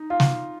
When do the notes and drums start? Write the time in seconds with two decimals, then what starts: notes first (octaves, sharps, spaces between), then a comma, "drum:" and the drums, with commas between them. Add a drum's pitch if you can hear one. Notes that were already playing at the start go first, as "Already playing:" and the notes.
Already playing: D#4
0.10 F4 F5
0.20 drum: snare